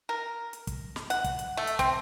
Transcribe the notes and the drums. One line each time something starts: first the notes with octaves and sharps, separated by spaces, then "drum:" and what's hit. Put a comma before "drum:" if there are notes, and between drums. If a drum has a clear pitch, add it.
A#4
drum: hi-hat
drum: kick, hi-hat
drum: snare
F#5, drum: hi-hat
drum: kick, hi-hat
drum: hi-hat
A3
drum: hi-hat
C4, drum: kick, hi-hat